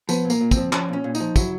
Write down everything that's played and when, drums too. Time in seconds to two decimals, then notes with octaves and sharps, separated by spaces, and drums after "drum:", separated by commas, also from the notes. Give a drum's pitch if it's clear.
0.09 F3 B3, drum: tambourine
0.25 A#2
0.30 A#3, drum: tambourine
0.41 A#2
0.51 C4, drum: kick, tambourine
0.57 F3
0.73 F3 C#4, drum: clap
0.89 A#2 C#4
1.04 A#2
1.15 D#4, drum: tambourine
1.20 F3
1.36 F#3 E4, drum: kick, tambourine